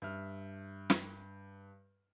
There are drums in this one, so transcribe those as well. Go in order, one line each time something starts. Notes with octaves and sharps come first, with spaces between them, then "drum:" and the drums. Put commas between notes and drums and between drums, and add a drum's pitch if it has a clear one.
G2 E5 F6
drum: snare